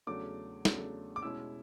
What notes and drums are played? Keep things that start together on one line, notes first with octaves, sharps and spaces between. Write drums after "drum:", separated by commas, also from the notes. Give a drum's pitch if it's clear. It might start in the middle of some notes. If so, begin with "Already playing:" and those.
E2 C#3 F#3 A3 D4 D6
E2 C#3 F#3 A3 D4, drum: snare
D6
B2 G#3 C#4 E4 E6